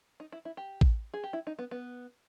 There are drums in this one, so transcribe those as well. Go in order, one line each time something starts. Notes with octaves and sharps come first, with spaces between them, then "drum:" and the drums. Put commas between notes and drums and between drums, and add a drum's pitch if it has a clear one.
D#4
E4
E4
G4
drum: kick A1
G#4
G4
E4
D#4
B3
B3